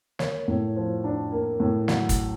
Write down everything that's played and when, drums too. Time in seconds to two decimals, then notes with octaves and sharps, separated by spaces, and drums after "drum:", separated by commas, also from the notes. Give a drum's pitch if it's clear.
0.19 A#3 C#5, drum: snare
0.48 A2
0.76 F3
1.04 D4
1.32 A#3
1.60 A2
1.88 F#3, drum: snare
2.09 drum: kick, hi-hat